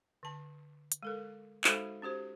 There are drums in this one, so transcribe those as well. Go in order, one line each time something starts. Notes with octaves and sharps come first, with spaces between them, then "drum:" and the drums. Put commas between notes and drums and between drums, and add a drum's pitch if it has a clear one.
D3 A5
drum: hi-hat
G#3 A4 A#4
G#3 D#4 F#4 A4 C5 E5, drum: clap
C#4 F#4 G4 C5